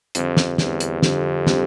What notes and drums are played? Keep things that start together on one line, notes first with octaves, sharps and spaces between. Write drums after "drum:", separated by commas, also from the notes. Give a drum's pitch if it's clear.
F2 D3 G3 C4, drum: hi-hat
drum: snare
E2 D3 G3 C4, drum: snare
drum: hi-hat
F2 D3 G3 C4, drum: snare
D3 G3 C4, drum: snare